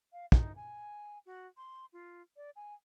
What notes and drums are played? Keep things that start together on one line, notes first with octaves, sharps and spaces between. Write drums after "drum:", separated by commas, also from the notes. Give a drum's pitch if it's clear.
F5
D#4, drum: kick
G#5
F#4
C6
F4
D5
G#5